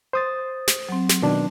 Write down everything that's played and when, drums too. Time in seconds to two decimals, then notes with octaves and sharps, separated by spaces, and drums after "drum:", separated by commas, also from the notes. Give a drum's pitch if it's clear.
0.13 C5 D#6 A6
0.68 drum: snare
0.89 F#3 C4
1.09 drum: snare
1.22 B2 D#3 D4